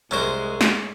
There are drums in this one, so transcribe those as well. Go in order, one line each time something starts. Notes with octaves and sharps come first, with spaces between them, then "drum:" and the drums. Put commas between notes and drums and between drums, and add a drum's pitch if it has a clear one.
C2 F#3 G#3 C#4 C5
drum: snare